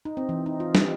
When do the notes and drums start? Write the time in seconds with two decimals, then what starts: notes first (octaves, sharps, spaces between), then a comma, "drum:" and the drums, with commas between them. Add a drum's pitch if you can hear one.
0.05 D#4
0.17 C4
0.29 E3
0.46 D#4
0.60 F4
0.75 G3, drum: snare